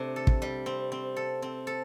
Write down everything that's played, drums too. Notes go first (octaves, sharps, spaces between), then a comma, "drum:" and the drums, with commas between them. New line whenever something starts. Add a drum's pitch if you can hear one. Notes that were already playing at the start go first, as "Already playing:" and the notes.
Already playing: C3 A3 D4
A4
drum: kick
G3
C4
C4
A4
C4
A4